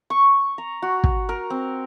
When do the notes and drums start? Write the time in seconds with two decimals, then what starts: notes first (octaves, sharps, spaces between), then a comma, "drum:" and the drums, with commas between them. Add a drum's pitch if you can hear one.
0.10 C#6
0.58 A#5
0.82 F#4
1.04 drum: kick
1.29 A#4
1.50 C4